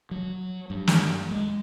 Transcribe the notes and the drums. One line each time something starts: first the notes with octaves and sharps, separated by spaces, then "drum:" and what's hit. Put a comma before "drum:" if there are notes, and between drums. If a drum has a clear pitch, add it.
F#3
G2
drum: snare
G#3